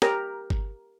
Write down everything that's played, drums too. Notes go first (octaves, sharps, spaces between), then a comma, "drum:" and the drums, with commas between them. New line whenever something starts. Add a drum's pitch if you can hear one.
G4 A#4 A#5, drum: snare
drum: kick G1